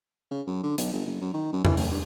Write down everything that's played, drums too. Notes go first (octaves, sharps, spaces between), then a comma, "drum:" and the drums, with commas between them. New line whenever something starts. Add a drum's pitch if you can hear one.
C#3
F#2
D3
B1, drum: hi-hat
G1
F#1
F#2
D#3
F#2
E3, drum: tom E2
A1, drum: open hi-hat
G2